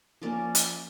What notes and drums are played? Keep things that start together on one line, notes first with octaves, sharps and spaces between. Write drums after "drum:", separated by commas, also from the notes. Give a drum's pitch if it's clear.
F3 A#3 C#4 D5
drum: hi-hat